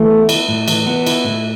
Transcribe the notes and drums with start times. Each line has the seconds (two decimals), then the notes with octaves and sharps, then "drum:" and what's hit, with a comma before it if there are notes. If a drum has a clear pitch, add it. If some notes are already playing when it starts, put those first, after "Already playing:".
Already playing: E3 A3
0.10 B3
0.29 E4, drum: cymbal
0.49 A2
0.68 E3, drum: cymbal
0.87 B3
1.06 E4, drum: cymbal
1.26 A2